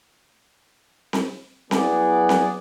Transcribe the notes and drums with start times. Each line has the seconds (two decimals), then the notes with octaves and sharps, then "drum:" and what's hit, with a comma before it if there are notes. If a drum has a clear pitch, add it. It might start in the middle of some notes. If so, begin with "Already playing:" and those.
1.13 drum: snare C4
1.71 F#3 B3 E4 G#4 D5 F#5, drum: snare C4
2.29 drum: snare C4